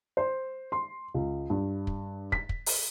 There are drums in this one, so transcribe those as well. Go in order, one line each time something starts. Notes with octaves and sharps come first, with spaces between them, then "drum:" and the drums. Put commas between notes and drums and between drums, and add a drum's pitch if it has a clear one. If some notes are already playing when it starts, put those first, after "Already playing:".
C5
C6
C#2
G2
drum: kick
B6, drum: kick
drum: kick
drum: open hi-hat